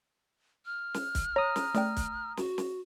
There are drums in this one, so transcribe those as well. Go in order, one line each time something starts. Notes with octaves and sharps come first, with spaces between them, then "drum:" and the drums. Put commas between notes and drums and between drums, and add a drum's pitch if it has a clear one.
F6
drum: snare
drum: kick, hi-hat
C#5 A#5 D#6
drum: snare
A3 D5 G5, drum: snare
drum: kick, hi-hat
F#4, drum: snare
drum: snare